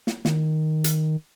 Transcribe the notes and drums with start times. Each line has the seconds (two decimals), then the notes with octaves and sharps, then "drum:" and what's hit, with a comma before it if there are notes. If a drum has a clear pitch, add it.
0.07 drum: snare
0.25 D#3, drum: snare
0.84 drum: hi-hat